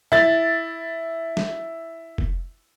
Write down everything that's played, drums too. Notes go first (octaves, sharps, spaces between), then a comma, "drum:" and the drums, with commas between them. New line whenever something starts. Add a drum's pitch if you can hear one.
E4 A6, drum: tom B2
drum: snare
drum: kick F1